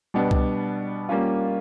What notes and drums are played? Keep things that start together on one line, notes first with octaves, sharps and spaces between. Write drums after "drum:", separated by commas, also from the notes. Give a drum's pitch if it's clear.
B2 G3 B3 D4
drum: kick C2
G3 A#3 C#4 F4